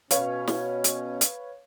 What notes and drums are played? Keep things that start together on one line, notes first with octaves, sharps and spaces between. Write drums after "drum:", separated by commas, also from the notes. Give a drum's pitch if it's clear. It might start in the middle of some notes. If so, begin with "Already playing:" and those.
B2 C#4 B4 C#5 F5, drum: hi-hat
drum: snare
drum: hi-hat
drum: hi-hat